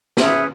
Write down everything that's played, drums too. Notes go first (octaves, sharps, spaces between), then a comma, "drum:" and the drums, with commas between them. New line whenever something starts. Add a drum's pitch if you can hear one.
C#4 G#4 B4 E5, drum: snare